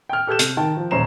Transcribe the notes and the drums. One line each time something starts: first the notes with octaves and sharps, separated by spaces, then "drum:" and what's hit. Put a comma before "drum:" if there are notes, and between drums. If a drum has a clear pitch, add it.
G5 F6
G4 A4 F#6 G6 E7
C3, drum: hi-hat
D#3 G5 A5
F3
D#1 C#4 C5 A#5 C7 E7